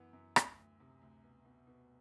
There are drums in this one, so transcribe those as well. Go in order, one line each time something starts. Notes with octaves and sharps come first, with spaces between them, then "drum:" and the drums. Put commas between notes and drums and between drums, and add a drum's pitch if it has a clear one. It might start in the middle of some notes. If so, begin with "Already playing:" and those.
Already playing: F#2 E3 B3
F#2
D2, drum: rim click
D2
C3
D2
B2
B2
B2